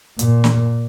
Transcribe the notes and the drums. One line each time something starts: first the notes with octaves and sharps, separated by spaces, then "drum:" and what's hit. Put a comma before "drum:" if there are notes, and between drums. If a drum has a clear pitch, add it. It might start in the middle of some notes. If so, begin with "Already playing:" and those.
A#2, drum: hi-hat
drum: snare